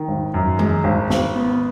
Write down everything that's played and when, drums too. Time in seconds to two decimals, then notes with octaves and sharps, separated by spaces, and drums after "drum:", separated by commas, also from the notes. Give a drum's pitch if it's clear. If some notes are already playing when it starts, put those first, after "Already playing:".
Already playing: D#3
0.08 G#1
0.34 F#2
0.59 G#3, drum: tom D#3
0.84 G#1
1.10 G#1, drum: snare
1.35 B3